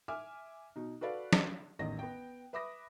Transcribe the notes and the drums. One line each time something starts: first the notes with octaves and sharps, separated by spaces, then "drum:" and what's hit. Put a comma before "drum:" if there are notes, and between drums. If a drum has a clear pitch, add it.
E5 G#5 D6 F6
B2 D#4
F#4 A4 B4 D5 F5
drum: snare
A1 E2 D#3 D#5 A#6
B3 G5
B4 E5 B5 D6 D#6 A#6